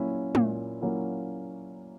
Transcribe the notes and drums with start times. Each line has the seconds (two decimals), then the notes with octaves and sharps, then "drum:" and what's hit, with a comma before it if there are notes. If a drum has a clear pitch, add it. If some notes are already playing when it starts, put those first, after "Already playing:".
Already playing: A#2 F#3 A#3 C#4 E4
0.35 A#2, drum: tom
0.81 F#3 A#3 C#4 E4